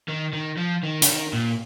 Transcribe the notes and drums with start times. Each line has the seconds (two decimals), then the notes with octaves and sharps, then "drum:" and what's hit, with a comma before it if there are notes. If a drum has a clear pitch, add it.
0.08 D#3
0.33 D#3
0.58 F3
0.84 D#3
1.02 C#3, drum: hi-hat
1.08 D#3
1.33 A#2